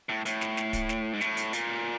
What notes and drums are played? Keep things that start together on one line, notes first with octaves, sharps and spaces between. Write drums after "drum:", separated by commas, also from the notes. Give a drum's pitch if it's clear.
A2
A2, drum: hi-hat
drum: snare
drum: snare
drum: kick D1, hi-hat
drum: snare
G#2
A2, drum: snare
drum: hi-hat
A#2, drum: hi-hat